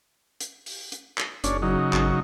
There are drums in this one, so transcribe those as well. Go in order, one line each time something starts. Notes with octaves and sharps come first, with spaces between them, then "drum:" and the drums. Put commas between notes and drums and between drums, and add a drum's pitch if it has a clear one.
drum: hi-hat
drum: open hi-hat
drum: hi-hat
drum: clap
F#1 C#4 D4, drum: hi-hat
C#3 F#3 D#4
G#1, drum: clap